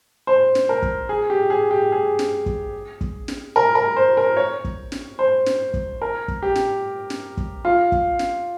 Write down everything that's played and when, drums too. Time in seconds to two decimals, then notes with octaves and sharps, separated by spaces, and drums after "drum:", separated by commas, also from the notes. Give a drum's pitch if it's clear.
0.27 C5
0.55 drum: snare
0.69 A#4
0.82 drum: kick
1.09 G#4
1.30 G4
1.50 G#4
1.71 G4
1.92 G#4
2.19 drum: snare
2.46 drum: kick
3.01 drum: kick
3.28 drum: snare
3.56 A#4
3.75 A#4
3.96 C5
4.17 A#4
4.37 C#5
4.64 drum: kick
4.92 drum: snare
5.19 C5
5.46 drum: snare
5.74 drum: kick
6.02 A#4
6.28 drum: kick
6.42 G4
6.56 drum: snare
7.10 drum: snare
7.37 drum: kick
7.65 F4
7.92 drum: kick
8.19 drum: snare